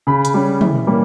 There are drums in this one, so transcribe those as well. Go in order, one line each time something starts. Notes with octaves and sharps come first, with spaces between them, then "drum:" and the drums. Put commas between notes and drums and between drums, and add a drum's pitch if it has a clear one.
C#3 B5
drum: hi-hat
G3 C#4
E3, drum: tom
G3 A#3 C#4